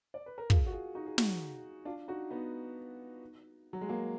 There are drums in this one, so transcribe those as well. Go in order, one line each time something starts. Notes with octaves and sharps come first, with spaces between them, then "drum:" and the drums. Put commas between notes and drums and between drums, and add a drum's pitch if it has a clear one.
D5
B4
A#4
F4 G#4, drum: kick
F#4
F4 G#4
D#4 F#4
G#4
D#4 F#4, drum: snare
D4 F4
D#4 F#4
B3 D#4
F#3
G#3
F#3 A#3